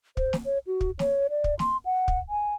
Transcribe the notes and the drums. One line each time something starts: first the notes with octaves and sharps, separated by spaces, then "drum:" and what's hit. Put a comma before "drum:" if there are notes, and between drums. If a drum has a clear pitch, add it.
C5, drum: kick
drum: snare
C#5
F#4
drum: kick
C#5, drum: snare
D5
drum: kick
C6, drum: snare
F#5
drum: kick
G#5